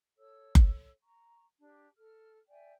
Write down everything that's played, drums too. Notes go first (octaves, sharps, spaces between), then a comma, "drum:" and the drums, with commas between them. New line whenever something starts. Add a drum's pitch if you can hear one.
A4 C#5 E6
drum: kick F#1
A#5 C#6
D4 G4
A4 F6
D5 E5 G5 G#5